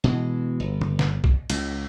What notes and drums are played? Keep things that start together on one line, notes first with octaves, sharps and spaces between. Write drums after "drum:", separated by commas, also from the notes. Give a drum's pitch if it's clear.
B2 E3 G#3
G1
drum: tom
drum: snare
drum: kick
C#2, drum: cymbal